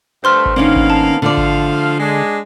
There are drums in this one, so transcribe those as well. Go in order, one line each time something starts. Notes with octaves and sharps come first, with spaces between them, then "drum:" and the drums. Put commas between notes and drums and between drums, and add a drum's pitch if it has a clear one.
G2 A3 C5 C6 F6
drum: kick G#1
D#3 A#3 B3 C#4 D4 F5
drum: kick G#1
A5
D3 F3 A3 D5 F5
drum: kick G#1
G#3 D4